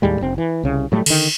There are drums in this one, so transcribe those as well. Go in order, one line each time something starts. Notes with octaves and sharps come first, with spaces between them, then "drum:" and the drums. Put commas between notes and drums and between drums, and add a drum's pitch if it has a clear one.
D#2 A2 G3 G#3
F1 C4
E3
C2 C#3
A2 F#3 G3 A3
D3 D#3, drum: cymbal